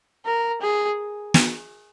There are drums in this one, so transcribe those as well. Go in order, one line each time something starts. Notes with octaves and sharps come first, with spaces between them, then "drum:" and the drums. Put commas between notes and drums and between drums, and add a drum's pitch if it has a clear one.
A#4
G#4
drum: snare